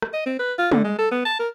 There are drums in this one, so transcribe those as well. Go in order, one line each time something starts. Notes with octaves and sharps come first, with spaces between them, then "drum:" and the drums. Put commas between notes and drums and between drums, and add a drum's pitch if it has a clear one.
drum: rim click
D#5
C4
B4
F4
D3, drum: tom
G#3
A4
B3
A5
A#4